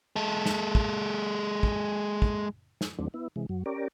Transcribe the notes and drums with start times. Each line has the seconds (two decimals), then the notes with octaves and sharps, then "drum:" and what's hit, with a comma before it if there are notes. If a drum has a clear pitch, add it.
0.16 G#3 A4
0.46 drum: snare
0.75 drum: kick
1.63 drum: kick
2.22 drum: kick
2.81 drum: snare
2.99 E2 D#3 F#3 A3 C4 D4
3.14 B3 E4
3.36 C3 E3 G#3
3.49 F#2 F#3
3.66 C#4 G4 A#4 D5